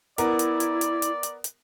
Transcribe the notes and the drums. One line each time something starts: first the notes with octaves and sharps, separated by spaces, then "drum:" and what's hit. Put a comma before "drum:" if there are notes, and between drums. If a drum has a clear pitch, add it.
B3 E4 A#4 D5, drum: hi-hat
drum: hi-hat
drum: hi-hat
drum: hi-hat
drum: hi-hat
drum: hi-hat
drum: hi-hat